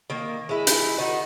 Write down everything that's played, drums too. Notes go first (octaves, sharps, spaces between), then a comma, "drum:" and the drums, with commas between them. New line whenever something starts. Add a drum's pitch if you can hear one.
D#3 A#3
G#3 E4
drum: hi-hat
D#3 D#4 F#4